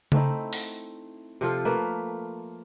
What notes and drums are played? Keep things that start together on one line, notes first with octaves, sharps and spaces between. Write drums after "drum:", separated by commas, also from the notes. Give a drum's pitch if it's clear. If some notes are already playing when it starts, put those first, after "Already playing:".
A3 C4 D#4 E4, drum: tom C#3
drum: open hi-hat
C3 F3 F4 A4
A3 A#3 B4